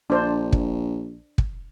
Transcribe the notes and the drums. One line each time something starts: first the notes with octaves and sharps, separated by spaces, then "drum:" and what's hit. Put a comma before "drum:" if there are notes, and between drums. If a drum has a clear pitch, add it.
A#1 D4 C5
drum: kick
drum: kick